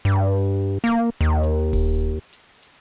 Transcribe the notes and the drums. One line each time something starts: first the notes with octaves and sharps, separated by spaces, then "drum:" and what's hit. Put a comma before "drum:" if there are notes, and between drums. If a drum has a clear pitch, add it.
G2
A#3
D#2
drum: hi-hat
drum: kick D#1, open hi-hat
drum: hi-hat
drum: hi-hat